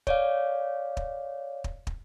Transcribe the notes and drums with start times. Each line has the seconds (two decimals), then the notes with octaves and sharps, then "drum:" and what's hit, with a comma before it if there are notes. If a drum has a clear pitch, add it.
0.07 C#5 D5 F5, drum: kick
0.97 drum: kick
1.64 drum: kick
1.87 drum: kick